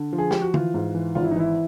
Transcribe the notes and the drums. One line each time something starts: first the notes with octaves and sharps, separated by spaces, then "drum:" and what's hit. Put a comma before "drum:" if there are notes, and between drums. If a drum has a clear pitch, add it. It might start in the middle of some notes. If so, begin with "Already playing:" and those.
Already playing: D3
F3
G#4
F3 G4, drum: snare
F#4
E3 F4, drum: tom D3
G#2
E3
G#1 F4
E4
D#4
E3 E4